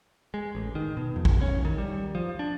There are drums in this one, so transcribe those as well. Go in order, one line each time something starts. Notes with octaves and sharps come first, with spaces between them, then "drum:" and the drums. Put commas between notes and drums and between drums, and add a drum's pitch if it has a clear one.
G#3
A1
D#3
B2
F2
drum: kick A#1
C#4
D#3
G3
F3
D4